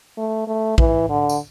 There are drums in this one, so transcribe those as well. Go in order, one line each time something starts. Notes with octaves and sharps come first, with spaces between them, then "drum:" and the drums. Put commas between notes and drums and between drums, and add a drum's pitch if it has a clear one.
A3
A3
E3, drum: kick A#1
D3
drum: tambourine